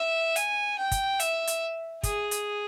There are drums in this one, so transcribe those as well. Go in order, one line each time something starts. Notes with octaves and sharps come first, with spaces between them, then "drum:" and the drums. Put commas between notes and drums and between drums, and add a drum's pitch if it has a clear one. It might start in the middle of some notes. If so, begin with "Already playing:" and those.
Already playing: E5
G#5, drum: hi-hat
G5
drum: kick, hi-hat
E5, drum: hi-hat
drum: hi-hat
G#4, drum: kick, hi-hat
drum: hi-hat